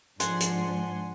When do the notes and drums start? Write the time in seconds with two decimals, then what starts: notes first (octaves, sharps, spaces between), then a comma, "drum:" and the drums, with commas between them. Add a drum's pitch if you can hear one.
0.20 G#2 F3 D4 F#5 G#5 C6, drum: hi-hat
0.40 drum: hi-hat